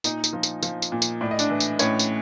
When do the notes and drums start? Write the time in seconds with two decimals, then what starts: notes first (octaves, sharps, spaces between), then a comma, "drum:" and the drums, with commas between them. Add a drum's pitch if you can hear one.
0.04 A#2 D#4 D#5, drum: tambourine
0.24 drum: tambourine
0.33 F3
0.43 drum: tambourine
0.63 F3, drum: tambourine
0.82 drum: tambourine
0.92 A#2
1.02 drum: tambourine
1.21 A2 D5
1.31 D#5
1.39 D4 D5, drum: tambourine
1.50 E3
1.60 drum: tambourine
1.79 A2 C#4 C#5, drum: tambourine
1.99 drum: tambourine